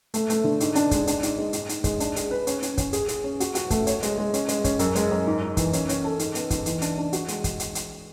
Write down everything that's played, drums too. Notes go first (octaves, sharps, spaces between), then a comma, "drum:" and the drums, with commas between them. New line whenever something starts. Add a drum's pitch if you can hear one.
A3, drum: hi-hat
A3, drum: hi-hat
D3
G#2, drum: hi-hat
D4, drum: hi-hat
G#3, drum: kick, hi-hat
D4, drum: hi-hat
G#2, drum: hi-hat
G#3
G#2, drum: hi-hat
G#2, drum: hi-hat
G#3, drum: kick, hi-hat
D4, drum: hi-hat
G#4, drum: hi-hat
B4
C#4, drum: hi-hat
C#4, drum: hi-hat
C#4, drum: kick, hi-hat
G#4, drum: hi-hat
G#4, drum: hi-hat
C#4
F#4, drum: hi-hat
F#4, drum: hi-hat
A3, drum: kick, hi-hat
C#5, drum: hi-hat
G#3, drum: hi-hat
G#3
C#4, drum: hi-hat
G#3, drum: hi-hat
C#4, drum: kick, hi-hat
F#2, drum: hi-hat
G#3, drum: hi-hat
F#2
G#2
G#2
E3, drum: kick, hi-hat
C#4, drum: hi-hat
C#4, drum: hi-hat
A4
G#2, drum: hi-hat
B3, drum: hi-hat
G#2, drum: kick, hi-hat
E3, drum: hi-hat
D4, drum: hi-hat
D4
F#4, drum: hi-hat
G#3, drum: hi-hat
drum: kick, hi-hat
drum: hi-hat
drum: hi-hat